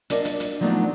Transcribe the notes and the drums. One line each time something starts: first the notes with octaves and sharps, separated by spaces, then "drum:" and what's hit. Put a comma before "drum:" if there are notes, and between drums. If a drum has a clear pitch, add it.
D4 A#4 D5 D#5 F5, drum: hi-hat
drum: hi-hat
drum: hi-hat
F3 F#3 A3 B3 D4 D#4